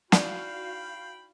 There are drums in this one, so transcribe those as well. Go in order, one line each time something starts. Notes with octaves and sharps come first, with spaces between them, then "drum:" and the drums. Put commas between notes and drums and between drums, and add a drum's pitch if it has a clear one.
D#4 E4 F#4 D5 F5 G5 B5, drum: snare